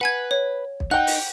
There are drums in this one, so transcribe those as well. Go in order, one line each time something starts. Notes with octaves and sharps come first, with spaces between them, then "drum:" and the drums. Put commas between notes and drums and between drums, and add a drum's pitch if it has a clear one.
B4 F#5 G#5 G#6
C#5
drum: kick B1
D#4 F#5 G5 F#6
drum: open hi-hat